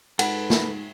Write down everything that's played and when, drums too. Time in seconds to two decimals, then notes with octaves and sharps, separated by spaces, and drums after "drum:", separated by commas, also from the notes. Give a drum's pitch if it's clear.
0.19 G#2 A4 B4 F#5 B5, drum: cymbal
0.50 drum: snare